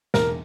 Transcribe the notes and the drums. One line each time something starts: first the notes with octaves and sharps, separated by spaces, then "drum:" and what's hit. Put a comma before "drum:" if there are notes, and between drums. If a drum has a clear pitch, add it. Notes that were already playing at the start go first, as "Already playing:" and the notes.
E1 A#4, drum: snare